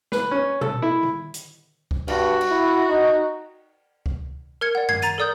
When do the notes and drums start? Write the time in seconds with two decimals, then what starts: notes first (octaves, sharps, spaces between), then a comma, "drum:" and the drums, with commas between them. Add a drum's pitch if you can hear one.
0.12 B4, drum: snare
0.31 C#4
0.61 A4, drum: tom A#2
0.82 E4
1.03 drum: tom D3
1.34 drum: hi-hat
1.91 drum: kick C#2
2.08 G2 F#4, drum: cymbal
2.41 drum: cymbal
2.51 E4
2.89 D#4
4.06 drum: kick C#2
4.61 A#4 F6 G#6 C#7
4.75 D5 F#5
4.89 G#6 C7, drum: tom F#2
5.02 A#5 A6 D#7, drum: hi-hat
5.18 A4 A#4 D5 D#6 G6